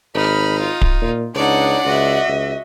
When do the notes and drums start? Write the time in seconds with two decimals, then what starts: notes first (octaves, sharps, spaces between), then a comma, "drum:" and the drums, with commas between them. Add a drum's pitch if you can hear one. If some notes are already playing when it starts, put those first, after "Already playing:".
0.15 G#1 D#4 B5 F6
0.59 F4
0.82 drum: kick D1
1.01 A#2
1.35 C#2 D4 D#4 C#5 D5 F#5
1.85 C#2 F#4 D#5 E5
2.28 C#2